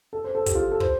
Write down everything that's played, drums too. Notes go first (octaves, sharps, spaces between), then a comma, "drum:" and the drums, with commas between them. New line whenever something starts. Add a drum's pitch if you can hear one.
A4
C5
A4
G4, drum: kick, hi-hat
F4
A4
C5, drum: kick